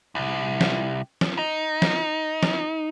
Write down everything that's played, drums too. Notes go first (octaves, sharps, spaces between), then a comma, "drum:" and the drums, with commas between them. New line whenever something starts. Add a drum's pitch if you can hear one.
C2
drum: snare
drum: snare
D#4
drum: snare
drum: snare